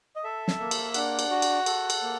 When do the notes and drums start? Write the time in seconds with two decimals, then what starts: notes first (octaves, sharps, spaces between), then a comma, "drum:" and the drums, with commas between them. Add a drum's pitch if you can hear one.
0.16 D#5
0.24 A4 E5
0.48 drum: snare
0.60 A#3
0.71 drum: cymbal
0.94 D4 F#5, drum: cymbal
1.19 drum: cymbal
1.30 F#4
1.42 drum: cymbal
1.66 A4, drum: cymbal
1.90 drum: cymbal
2.02 A#3